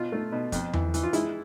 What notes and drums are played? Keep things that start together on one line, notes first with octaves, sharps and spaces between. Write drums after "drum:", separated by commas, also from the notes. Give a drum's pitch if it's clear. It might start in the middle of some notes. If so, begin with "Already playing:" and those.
Already playing: B2 F4
A3
B2
F2, drum: kick, hi-hat
E3, drum: tom E2
E3, drum: hi-hat
F4
G#3 E4, drum: hi-hat